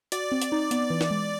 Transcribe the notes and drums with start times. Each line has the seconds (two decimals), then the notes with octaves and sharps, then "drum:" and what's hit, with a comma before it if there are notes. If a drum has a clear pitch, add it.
0.12 F#4 D5, drum: hi-hat
0.32 C4
0.42 drum: hi-hat
0.52 D#4
0.71 B3, drum: hi-hat
0.90 E3
1.01 drum: snare
1.11 G#3